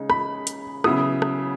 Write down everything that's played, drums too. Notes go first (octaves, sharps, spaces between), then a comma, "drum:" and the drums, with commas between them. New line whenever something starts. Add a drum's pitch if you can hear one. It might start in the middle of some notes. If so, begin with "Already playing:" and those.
Already playing: C#3 G#3 D#4
B5, drum: rim click
drum: hi-hat
C#3 F#3 B3 E4 D#6, drum: rim click
drum: rim click